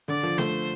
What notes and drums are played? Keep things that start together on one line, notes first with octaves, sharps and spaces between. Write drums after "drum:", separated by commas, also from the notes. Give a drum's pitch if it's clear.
D3 D5
F3
A3 C5, drum: snare